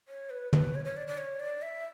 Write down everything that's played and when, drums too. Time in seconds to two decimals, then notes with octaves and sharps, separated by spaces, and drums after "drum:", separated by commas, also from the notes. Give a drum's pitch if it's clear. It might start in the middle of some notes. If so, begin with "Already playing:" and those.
0.08 C#5
0.30 B4
0.53 B4, drum: tom
0.75 C#5
0.85 C#5
0.97 D5
1.07 D5
1.18 C#5
1.40 D5
1.62 E5